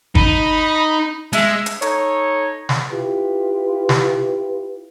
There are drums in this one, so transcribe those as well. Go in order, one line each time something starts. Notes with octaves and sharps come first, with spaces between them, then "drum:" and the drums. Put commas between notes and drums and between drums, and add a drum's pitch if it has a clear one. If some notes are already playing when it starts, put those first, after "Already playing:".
D#4 B5, drum: kick G1
G#3 E5, drum: hi-hat
drum: hi-hat
D#4 A4 C#5, drum: hi-hat
drum: snare
E4 F4 G4 B4
drum: snare